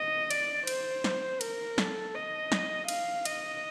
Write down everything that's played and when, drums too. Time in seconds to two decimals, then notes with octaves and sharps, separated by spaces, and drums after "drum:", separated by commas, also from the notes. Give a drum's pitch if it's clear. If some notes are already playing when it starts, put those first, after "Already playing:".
Already playing: D#5
0.31 D5, drum: cymbal
0.67 C5, drum: cymbal
1.04 drum: snare
1.41 A#4, drum: cymbal
1.78 A4, drum: snare
2.15 D#5
2.52 drum: snare
2.88 F5, drum: cymbal
3.25 D#5, drum: cymbal